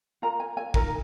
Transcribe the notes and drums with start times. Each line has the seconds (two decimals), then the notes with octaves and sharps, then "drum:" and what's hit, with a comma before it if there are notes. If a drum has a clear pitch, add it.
0.22 F4 A#4 A#5
0.40 G#5
0.57 G#5
0.74 D#4 A#4, drum: kick